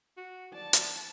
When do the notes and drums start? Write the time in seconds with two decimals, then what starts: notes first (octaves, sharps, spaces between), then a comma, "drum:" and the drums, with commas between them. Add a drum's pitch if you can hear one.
0.17 F#4
0.54 D5 A5
0.73 drum: hi-hat